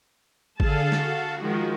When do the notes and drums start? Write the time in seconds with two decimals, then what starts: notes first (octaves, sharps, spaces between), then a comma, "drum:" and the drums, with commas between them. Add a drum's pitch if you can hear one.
0.60 D3 G#4 A4 F5 A5, drum: kick G#1
0.92 F#4, drum: snare
1.40 D#3 F3 G#3